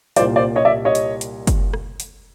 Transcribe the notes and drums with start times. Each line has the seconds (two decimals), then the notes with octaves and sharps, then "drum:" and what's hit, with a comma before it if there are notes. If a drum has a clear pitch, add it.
0.16 C2 A#2 G3 C5 D5, drum: hi-hat
0.36 C5 D5
0.56 C#5 D#5
0.65 D5 E5
0.85 C#5 D#5
0.95 drum: hi-hat
1.21 drum: hi-hat
1.47 drum: kick, hi-hat
1.74 drum: rim click
2.00 drum: hi-hat